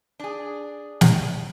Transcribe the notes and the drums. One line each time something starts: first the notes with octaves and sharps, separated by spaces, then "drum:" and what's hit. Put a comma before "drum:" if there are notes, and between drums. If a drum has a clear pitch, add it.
D4 G#4
drum: snare